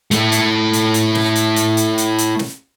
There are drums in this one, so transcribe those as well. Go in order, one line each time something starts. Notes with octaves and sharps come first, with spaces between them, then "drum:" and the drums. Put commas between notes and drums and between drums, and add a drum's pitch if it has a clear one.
A3 E4, drum: hi-hat
drum: hi-hat
drum: hi-hat
drum: hi-hat
drum: snare
drum: hi-hat
drum: hi-hat
drum: hi-hat
drum: hi-hat
drum: hi-hat
drum: snare